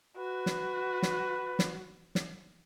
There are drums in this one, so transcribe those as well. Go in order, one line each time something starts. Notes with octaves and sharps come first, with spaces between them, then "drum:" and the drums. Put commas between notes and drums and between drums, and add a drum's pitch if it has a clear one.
F#4 B4
drum: snare
drum: snare
drum: snare
drum: snare